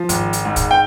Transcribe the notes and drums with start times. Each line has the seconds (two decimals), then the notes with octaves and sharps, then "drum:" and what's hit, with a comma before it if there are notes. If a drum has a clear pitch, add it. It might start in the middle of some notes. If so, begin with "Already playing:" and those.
Already playing: F3
0.09 G#1, drum: hi-hat
0.33 drum: hi-hat
0.45 G#2
0.56 drum: kick, hi-hat
0.71 G5